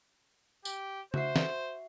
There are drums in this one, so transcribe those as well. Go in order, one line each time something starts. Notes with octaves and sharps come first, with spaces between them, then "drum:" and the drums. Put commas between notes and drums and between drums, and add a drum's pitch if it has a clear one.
G4, drum: tambourine
F#4 C5 E5 C7, drum: tom C#3
drum: snare